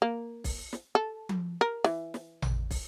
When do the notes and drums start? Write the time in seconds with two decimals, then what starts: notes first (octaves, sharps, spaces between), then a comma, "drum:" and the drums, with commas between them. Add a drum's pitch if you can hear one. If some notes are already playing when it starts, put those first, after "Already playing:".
0.02 A#3
0.44 drum: kick, open hi-hat
0.73 drum: snare
0.95 A4
1.29 drum: tom F3
1.61 A#4
1.84 E3, drum: snare
2.14 drum: snare
2.42 drum: tom A1
2.71 drum: kick, open hi-hat